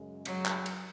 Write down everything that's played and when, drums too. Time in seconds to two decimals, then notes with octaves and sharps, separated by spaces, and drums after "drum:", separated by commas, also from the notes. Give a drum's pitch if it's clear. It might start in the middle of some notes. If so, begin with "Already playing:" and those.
Already playing: F#2 C#3 G#3
0.25 F#3, drum: cymbal
0.46 drum: clap
0.66 drum: cymbal